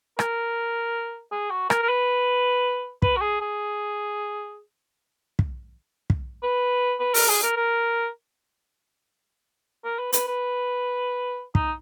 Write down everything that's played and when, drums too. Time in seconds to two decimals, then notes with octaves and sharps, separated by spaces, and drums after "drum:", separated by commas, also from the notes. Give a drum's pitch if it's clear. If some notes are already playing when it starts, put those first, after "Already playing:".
0.19 A#4, drum: rim click
1.32 G#4
1.51 F#4
1.70 A#4, drum: rim click
1.82 A#4
1.89 B4
3.02 B4, drum: kick
3.17 F#4
3.21 G#4
3.41 G#4
5.39 drum: kick
6.10 drum: kick
6.43 B4
7.00 B4
7.14 A#4, drum: open hi-hat
7.29 G#4
7.43 A#4
7.57 A#4
9.85 A#4
9.99 B4
10.13 B4, drum: hi-hat
10.28 B4
11.55 D#4, drum: kick